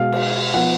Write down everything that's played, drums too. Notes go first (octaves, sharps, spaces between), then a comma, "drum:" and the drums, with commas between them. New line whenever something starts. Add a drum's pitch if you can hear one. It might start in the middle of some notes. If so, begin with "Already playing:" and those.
Already playing: B2 G#3 B3 F5
drum: cymbal
F3 B3 F#5